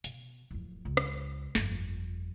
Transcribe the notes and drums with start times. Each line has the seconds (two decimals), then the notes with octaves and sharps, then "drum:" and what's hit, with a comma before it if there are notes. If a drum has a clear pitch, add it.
0.04 B2, drum: hi-hat
0.51 D1 F2
0.85 C#2
0.97 drum: rim click
1.55 G1 F2, drum: snare